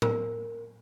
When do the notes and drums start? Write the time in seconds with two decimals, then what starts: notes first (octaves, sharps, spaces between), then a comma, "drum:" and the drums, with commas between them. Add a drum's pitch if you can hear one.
0.02 A#4, drum: tom A2